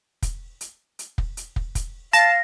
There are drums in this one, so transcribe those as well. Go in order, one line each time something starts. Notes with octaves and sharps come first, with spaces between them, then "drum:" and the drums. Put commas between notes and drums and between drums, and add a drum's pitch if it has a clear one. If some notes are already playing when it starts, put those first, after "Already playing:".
drum: kick, hi-hat
drum: hi-hat
drum: hi-hat
drum: kick
drum: hi-hat
drum: kick
drum: kick, hi-hat
F5 A5 A#6, drum: hi-hat